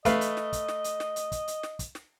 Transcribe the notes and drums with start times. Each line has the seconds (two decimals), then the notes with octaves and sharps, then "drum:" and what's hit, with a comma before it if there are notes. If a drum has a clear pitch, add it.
0.05 A3 B4 D#5 F5, drum: kick, hi-hat
0.21 drum: hi-hat
0.37 drum: snare
0.53 drum: kick, hi-hat
0.69 drum: snare
0.84 drum: hi-hat
1.00 drum: snare
1.16 drum: hi-hat
1.32 drum: kick, hi-hat
1.48 drum: hi-hat
1.63 drum: snare
1.79 drum: kick, hi-hat
1.95 drum: snare